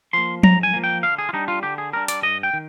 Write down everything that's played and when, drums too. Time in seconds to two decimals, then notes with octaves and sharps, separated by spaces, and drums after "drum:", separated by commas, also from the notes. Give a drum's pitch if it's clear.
0.13 F3 A#3 C6
0.43 G#2 A#5, drum: tom F3
0.63 G#5
0.73 F3 A#3
0.84 G5
1.03 D3 F5
1.18 G#4
1.29 F4
1.33 G3 D4 D#4
1.48 F4
1.63 D3 G4
1.78 G#4
1.93 G3 D4 A#4
2.08 D5, drum: hi-hat
2.22 G2 D#5
2.43 G5
2.53 D#3